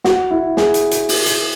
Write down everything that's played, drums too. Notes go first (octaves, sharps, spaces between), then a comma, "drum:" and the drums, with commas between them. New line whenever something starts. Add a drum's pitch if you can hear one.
F#4, drum: snare
E4
G#4, drum: snare
drum: hi-hat
drum: hi-hat
drum: open hi-hat
drum: hi-hat